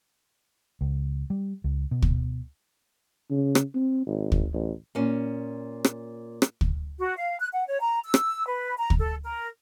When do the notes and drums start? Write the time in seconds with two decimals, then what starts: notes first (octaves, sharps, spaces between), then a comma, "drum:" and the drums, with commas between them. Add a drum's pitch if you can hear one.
0.81 C#2
1.30 G3
1.64 C#2
1.91 B2
2.02 drum: kick
3.30 C#3
3.55 drum: rim click
3.75 C4
4.06 G#1
4.32 drum: kick
4.54 A1
4.95 A#2 C#4
5.84 drum: rim click
6.42 drum: rim click
6.61 drum: kick
6.99 F#4
7.17 F5
7.39 F#6
7.52 F#5
7.67 C#5
7.81 A#5
8.03 E6
8.14 drum: rim click
8.47 B4
8.78 A#5
8.90 drum: kick
8.99 A4
9.24 A#4